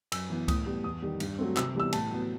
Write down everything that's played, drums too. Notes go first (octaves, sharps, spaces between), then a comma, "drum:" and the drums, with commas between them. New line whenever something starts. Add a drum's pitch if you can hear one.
F#2 E6, drum: cymbal
E3 B3
A2 D#6, drum: kick C#2, cymbal
G3 B3
E2 D#6
D#3 G3
G2, drum: cymbal
F#3 A3 C4
C3 E6, drum: clap
E3 G3 B3 E6
A2 A5, drum: cymbal
F#3 B3